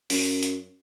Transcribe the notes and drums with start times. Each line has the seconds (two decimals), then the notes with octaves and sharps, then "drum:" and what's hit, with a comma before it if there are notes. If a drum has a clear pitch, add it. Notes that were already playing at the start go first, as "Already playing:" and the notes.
0.10 F#2, drum: open hi-hat
0.43 drum: hi-hat